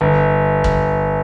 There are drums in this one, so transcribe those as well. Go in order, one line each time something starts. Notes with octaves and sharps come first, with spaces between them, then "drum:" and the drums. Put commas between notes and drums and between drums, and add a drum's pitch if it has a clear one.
G1
drum: kick